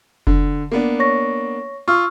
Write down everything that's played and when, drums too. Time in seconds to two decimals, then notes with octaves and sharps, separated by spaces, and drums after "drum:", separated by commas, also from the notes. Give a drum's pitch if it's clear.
0.27 D3, drum: kick F1
0.72 A#3 B3 D4
0.99 C#5 C#6 A#6
1.88 F4 C#6 E6 F6